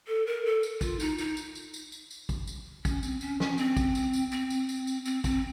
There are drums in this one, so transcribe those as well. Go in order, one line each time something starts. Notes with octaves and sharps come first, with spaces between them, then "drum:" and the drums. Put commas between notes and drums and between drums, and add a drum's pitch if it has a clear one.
A4
A#4
A4
drum: tambourine
F4, drum: kick, tambourine
D#4, drum: tambourine
D#4, drum: tambourine
drum: tambourine
drum: tambourine
drum: tambourine
drum: tambourine
drum: tambourine
drum: kick, tambourine
drum: tambourine
C#4, drum: kick, tambourine
C4, drum: tambourine
C#4, drum: tambourine
C#4, drum: snare
C4, drum: tambourine
drum: kick, tambourine
drum: tambourine
drum: tambourine
C4, drum: tambourine
drum: tambourine
drum: tambourine
drum: tambourine
C4, drum: tambourine
C4, drum: kick, tambourine